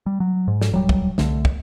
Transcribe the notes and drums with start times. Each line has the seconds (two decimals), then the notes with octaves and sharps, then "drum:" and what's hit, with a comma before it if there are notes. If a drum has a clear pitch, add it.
0.06 G3
0.20 F#3
0.48 G#2
0.61 drum: snare
0.72 D#1 F#3 G3
0.89 drum: kick
1.18 C2 D3 A3, drum: snare
1.45 drum: kick